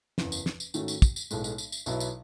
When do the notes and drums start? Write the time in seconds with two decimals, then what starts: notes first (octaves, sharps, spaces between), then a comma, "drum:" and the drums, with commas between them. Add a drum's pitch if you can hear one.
0.18 F#1 E2 C#3, drum: snare
0.32 drum: tambourine
0.46 drum: snare
0.60 drum: tambourine
0.74 G#2 D#3 A3 C#4 F#4, drum: tambourine
0.88 drum: tambourine
1.02 drum: kick, tambourine
1.16 drum: tambourine
1.31 B1 A2 G#3, drum: tambourine
1.44 drum: tambourine
1.58 drum: tambourine
1.72 drum: tambourine
1.86 B1 B2 F#3 B3 E4, drum: tambourine
2.00 drum: tambourine